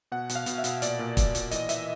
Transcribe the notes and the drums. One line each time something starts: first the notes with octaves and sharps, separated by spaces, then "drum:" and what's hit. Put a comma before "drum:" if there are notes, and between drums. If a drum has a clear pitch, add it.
B2 F#5
B2, drum: hi-hat
F5
B2, drum: hi-hat
E5
B2, drum: hi-hat
A#2 D5, drum: hi-hat
A#2
A#2, drum: kick, hi-hat
A#2, drum: hi-hat
E3 D#5, drum: hi-hat
E3 E5, drum: hi-hat